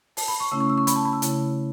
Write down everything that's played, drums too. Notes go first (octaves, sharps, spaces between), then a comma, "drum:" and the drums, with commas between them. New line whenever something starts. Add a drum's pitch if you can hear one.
A5, drum: open hi-hat
B5
C#6
C#3 A3 C#4 E4 E6
C#6
E6
C#6
B5, drum: hi-hat
A5
B5
E6
C#3 A3 E4, drum: hi-hat